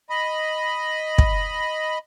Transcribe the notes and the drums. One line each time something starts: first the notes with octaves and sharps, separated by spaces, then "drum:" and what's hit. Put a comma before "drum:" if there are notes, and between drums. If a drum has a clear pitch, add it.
D#5 B5
drum: kick